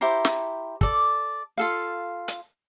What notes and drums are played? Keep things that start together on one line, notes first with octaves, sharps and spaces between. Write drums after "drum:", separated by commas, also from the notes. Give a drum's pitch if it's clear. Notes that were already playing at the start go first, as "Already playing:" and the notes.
E4 G4 C5 A#5
drum: snare
A4 D5, drum: kick
F4 A4 F5
drum: hi-hat